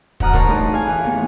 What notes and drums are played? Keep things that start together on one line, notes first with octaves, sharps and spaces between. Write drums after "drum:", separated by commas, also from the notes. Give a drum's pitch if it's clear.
D2 F#3 F#5 A#5 D#6 F6, drum: kick
A#4 C5 C#5 A5, drum: kick
E3 G3 A3 D#4 D#5 D#6
G#4 F5 G#5
E3
D#2 A2 E3 B3